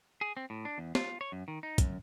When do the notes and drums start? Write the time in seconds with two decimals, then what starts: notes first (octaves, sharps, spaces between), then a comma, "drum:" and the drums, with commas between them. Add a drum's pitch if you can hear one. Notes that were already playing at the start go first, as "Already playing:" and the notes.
0.21 G#4
0.37 C4
0.50 A2
0.65 D4
0.78 E2
0.95 F4, drum: snare
1.21 C#5
1.32 F#2
1.48 D#3
1.63 D#4
1.78 F#2, drum: kick, hi-hat